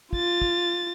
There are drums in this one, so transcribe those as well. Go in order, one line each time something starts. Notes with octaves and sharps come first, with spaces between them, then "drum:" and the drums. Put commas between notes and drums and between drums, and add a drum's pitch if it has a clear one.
F4 A6, drum: kick
drum: kick